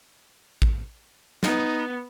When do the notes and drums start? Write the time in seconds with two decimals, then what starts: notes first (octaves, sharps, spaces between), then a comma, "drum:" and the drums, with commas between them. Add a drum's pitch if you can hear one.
0.62 drum: kick A1
1.43 B3 D#4, drum: snare